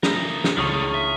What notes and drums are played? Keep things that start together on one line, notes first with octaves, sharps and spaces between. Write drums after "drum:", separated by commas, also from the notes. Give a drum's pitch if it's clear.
E3 A3 E4 A#4 D#6, drum: snare
drum: snare
C#2 D3 D#3 C#6 D#6 F6
E5